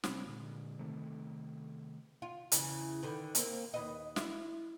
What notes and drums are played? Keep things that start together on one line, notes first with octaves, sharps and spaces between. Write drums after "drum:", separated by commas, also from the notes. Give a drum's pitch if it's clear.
C3 G3 C4 C#4, drum: snare
A#2 D3 G#3
C3 D#3 A3
F4
E2 C#3 E3, drum: hi-hat
D3 D#3 B4
A#3 C4, drum: hi-hat
D#2 B4 D#5
E4, drum: snare